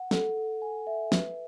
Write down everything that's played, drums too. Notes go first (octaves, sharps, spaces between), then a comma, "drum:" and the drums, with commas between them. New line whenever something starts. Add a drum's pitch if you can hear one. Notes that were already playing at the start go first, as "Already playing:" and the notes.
Already playing: F#5
A4, drum: snare
A4
G#5
E5
B4, drum: snare